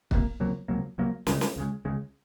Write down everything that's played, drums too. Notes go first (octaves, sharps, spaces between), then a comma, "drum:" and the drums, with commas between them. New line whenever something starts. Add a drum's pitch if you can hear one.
C#2 C3 F#3 A#3, drum: kick
C#2 C3 F#3 A#3
C#2 C3 F#3 A#3
C#2 C3 F#3 A#3
C#2 C#3 G#3, drum: snare
drum: snare
C#2 C#3 G#3
C#2 C#3 G#3